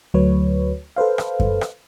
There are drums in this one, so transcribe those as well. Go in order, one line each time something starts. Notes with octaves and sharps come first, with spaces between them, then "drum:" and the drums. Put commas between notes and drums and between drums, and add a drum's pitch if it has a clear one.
D2 F#3 A3 B4 C#5
A4 B4 C5 F5
drum: rim click
drum: kick F#2
drum: rim click